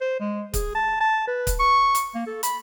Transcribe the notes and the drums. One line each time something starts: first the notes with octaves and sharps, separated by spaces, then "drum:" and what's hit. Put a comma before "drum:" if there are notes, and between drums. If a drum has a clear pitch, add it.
C5
G#3
G#4, drum: kick C#1, hi-hat
A5
A5
B4
drum: kick C#1, hi-hat
C#6
drum: hi-hat
A#3
A4
B5, drum: hi-hat